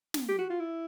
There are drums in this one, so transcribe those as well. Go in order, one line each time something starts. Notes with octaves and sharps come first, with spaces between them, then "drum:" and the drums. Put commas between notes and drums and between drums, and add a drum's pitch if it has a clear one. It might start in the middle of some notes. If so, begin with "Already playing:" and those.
drum: snare
G4
F#4
F4
E4